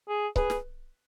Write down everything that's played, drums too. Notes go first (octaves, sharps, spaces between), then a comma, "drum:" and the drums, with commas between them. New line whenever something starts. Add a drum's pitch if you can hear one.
G#4
G#4 B4, drum: kick C#1
drum: snare